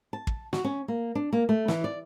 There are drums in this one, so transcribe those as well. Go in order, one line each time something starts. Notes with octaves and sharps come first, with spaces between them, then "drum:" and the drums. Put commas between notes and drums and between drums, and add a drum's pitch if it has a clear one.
A5
drum: kick
F#4, drum: snare
C#4
A#3
D4
A#3
A3
E3, drum: snare
D5